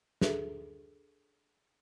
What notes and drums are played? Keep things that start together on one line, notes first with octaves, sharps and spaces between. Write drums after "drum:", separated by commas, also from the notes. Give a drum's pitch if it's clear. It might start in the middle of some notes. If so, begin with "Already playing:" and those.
D4 G#4 A4 B4 E5, drum: snare